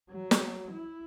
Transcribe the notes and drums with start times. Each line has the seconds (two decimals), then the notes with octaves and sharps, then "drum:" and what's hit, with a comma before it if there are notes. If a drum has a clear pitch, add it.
0.10 F#3
0.31 drum: snare
0.72 E4